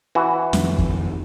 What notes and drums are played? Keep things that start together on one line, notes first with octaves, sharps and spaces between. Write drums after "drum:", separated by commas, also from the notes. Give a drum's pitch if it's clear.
E3 F#4
F2 D#3, drum: snare
drum: kick